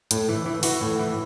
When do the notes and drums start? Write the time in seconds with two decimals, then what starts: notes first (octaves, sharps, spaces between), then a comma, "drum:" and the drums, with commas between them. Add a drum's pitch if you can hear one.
0.11 A2, drum: hi-hat
0.29 E3
0.46 E3
0.63 E3 F#4, drum: open hi-hat
0.81 A2
0.99 E3